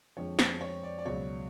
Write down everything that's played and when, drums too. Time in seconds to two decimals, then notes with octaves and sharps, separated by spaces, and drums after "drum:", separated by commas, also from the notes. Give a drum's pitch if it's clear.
0.16 F2 D3 F3 G#3 C#5
0.39 C5, drum: snare
0.61 C#5
0.83 D5
0.99 D5
1.06 C#2 B2 F#3 C#5